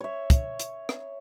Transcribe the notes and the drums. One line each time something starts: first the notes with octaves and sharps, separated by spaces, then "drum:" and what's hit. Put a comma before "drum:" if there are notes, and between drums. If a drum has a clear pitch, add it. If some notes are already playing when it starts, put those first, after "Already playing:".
C#5 E5
drum: kick, hi-hat
drum: hi-hat
drum: rim click